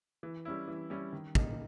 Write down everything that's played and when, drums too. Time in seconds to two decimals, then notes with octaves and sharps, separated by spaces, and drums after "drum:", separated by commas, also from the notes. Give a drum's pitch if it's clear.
0.23 E3
0.45 G3 C#4 E4
0.68 E3
0.90 G3 C#4 E4
1.13 D#3
1.35 A#3 D#4, drum: kick